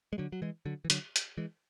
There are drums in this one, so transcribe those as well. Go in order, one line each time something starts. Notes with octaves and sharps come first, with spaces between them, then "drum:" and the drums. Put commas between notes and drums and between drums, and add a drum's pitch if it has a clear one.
G#3
D3 F#3
F#3
E3 G#3
D3 F#3
E3
D3 F#3, drum: hi-hat
drum: hi-hat
E3 G#3